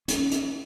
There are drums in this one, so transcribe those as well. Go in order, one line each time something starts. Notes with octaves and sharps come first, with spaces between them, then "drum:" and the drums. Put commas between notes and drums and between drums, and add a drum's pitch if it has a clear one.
C#4, drum: hi-hat
drum: hi-hat